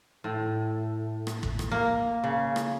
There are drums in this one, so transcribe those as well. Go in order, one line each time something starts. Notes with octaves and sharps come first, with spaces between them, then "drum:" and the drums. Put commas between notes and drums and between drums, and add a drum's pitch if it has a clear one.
A2
drum: rim click
drum: kick
drum: rim click
A#3
C#3
drum: rim click